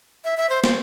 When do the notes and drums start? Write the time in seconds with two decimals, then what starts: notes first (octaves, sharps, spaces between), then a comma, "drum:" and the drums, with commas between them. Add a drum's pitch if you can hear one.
0.24 E5
0.37 E5
0.49 C5
0.64 C5, drum: snare